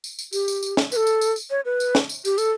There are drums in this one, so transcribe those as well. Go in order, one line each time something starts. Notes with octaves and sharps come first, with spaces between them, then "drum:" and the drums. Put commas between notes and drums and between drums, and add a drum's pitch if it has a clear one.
drum: tambourine
drum: tambourine
G4, drum: tambourine
drum: tambourine
drum: tambourine
drum: snare
B4, drum: tambourine
A4
drum: tambourine
drum: tambourine
drum: tambourine
C#5
B4
drum: tambourine
drum: snare
drum: tambourine
G4, drum: tambourine
A4, drum: tambourine